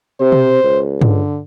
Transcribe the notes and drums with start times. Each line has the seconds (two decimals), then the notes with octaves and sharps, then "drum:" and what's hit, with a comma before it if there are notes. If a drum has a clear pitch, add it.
0.20 C3 C5
0.32 drum: tom B2
0.64 C#2
1.01 D3, drum: tom